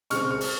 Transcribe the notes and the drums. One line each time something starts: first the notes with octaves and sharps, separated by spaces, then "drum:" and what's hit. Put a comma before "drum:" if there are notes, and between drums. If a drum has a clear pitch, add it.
C#3 G#3 C4 C#6 F6, drum: hi-hat
C#6 F6
drum: open hi-hat